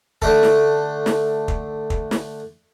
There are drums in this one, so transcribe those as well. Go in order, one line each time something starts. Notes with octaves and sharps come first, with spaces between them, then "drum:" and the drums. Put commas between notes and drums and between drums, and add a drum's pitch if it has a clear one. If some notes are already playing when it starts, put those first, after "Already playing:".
D3 A3 A4, drum: kick
drum: snare
drum: snare
drum: kick
drum: kick
drum: snare